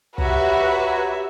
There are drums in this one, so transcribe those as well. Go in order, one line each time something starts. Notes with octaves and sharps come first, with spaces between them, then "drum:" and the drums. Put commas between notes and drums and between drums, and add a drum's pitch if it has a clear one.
F#4 G4 B4 C#5 E5 A#5, drum: kick